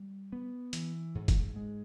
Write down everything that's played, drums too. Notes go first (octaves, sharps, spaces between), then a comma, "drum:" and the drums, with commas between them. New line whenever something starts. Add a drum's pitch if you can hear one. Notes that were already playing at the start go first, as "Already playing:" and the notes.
Already playing: G3
B3
E3, drum: hi-hat
G#2
drum: kick, hi-hat
G#3